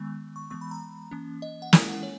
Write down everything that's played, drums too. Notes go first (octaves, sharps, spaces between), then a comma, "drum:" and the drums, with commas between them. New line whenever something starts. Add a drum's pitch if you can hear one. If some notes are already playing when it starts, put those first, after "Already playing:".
Already playing: D#3 G#3 B3
C#6
E3 G#3 B3 C#6
B5
A#5
E3 A#3 C#4
D#5
F#5
G#3 C#4 E4 G#5, drum: snare
F#5
C#5